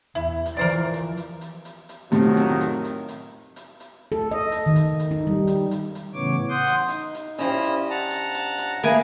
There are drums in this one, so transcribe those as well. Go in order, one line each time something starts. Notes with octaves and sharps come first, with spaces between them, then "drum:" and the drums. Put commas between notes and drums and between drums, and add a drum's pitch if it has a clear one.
E2 E4
drum: hi-hat
E3 F3 A#4 C5 D5
drum: hi-hat
drum: hi-hat
drum: hi-hat
drum: hi-hat
drum: hi-hat
drum: hi-hat
F2 A2 C3 D#3 F#3, drum: hi-hat
drum: hi-hat
drum: hi-hat
drum: hi-hat
drum: hi-hat
drum: hi-hat
drum: hi-hat
A4
D#5
drum: hi-hat
D#3
drum: hi-hat
drum: hi-hat
D#4
G3
drum: hi-hat
drum: hi-hat
drum: hi-hat
A2 C#3 E3 B3 C#5 D6
F#5 C6 D#6 G6
drum: hi-hat
D#4, drum: hi-hat
drum: hi-hat
G2 F3 C#4 E4 D#5 E6, drum: hi-hat
drum: hi-hat
F#5 A5 A#5
drum: hi-hat
drum: hi-hat
drum: hi-hat
A#3 E4 G#4 B4 G#5, drum: hi-hat